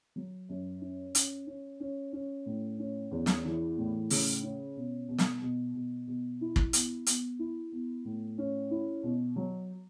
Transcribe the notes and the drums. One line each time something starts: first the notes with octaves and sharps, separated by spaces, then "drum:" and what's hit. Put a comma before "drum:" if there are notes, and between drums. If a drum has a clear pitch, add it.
F#3
F#2
C#4
C#4, drum: hi-hat
C#4
C#4
C#4
A2
C#4
E2
drum: snare
E3
A2
C#3, drum: open hi-hat
C#4
B2
B2
drum: snare
B2
B2
B2
E4
drum: kick
B3, drum: hi-hat
B3, drum: hi-hat
E4
B3
A2
C#4
E4
B2
F#3